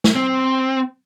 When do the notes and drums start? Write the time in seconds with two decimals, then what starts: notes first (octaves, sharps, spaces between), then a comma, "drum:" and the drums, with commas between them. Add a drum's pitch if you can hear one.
0.04 drum: snare
0.16 C4